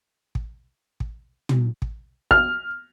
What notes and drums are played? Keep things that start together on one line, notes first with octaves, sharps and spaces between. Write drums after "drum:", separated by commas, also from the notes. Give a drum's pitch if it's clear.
drum: kick
drum: kick
drum: tom
drum: kick
F6, drum: kick